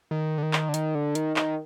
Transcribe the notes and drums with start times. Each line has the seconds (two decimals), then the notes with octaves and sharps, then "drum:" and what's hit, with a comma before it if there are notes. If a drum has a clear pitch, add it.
0.11 D#3
0.38 D3
0.43 D#3
0.53 drum: clap
0.69 D3
0.74 D#3, drum: hi-hat
0.95 D3
1.15 D#3, drum: hi-hat
1.36 D#3, drum: clap